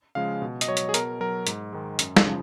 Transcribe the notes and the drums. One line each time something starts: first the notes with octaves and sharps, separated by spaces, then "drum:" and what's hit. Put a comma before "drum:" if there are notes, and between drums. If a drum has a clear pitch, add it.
C#3 F3 G#3 F5
B2
D#5, drum: hi-hat
F#3 C#5
drum: hi-hat
G#4
B2 A#4, drum: hi-hat
F#3 A#4
G#2, drum: hi-hat
D#3 G#3
F#2, drum: hi-hat
drum: snare
C#3 F3